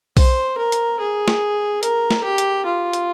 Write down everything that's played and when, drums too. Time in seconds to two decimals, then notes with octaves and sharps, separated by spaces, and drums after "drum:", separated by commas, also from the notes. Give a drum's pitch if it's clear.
0.17 C5, drum: kick B1, open hi-hat
0.58 A#4
0.72 drum: hi-hat
1.00 G#4
1.28 drum: snare
1.83 A#4, drum: hi-hat
2.11 drum: snare
2.24 G4
2.38 drum: hi-hat
2.66 F4
2.93 drum: hi-hat